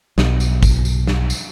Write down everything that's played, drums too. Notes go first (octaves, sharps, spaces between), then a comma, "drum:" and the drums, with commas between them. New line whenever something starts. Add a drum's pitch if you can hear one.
B1, drum: snare
drum: tambourine
drum: kick, tambourine
drum: tambourine
drum: snare
drum: tambourine